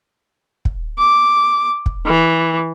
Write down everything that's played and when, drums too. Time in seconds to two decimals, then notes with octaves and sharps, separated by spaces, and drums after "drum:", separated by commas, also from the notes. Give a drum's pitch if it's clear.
0.65 drum: kick
0.98 D6
1.86 drum: kick
2.06 E3